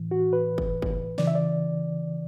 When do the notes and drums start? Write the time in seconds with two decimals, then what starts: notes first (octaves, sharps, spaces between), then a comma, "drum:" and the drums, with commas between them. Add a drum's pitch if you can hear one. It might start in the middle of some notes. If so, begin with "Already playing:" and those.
Already playing: A2 E3
0.11 F#4
0.33 B4
0.58 drum: kick
0.82 drum: kick
1.18 C#3 E3 D5, drum: snare
1.27 E5
1.35 D5